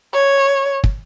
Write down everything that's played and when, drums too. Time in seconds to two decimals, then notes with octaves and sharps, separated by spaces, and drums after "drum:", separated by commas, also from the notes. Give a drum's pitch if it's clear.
0.14 C#5
0.84 drum: kick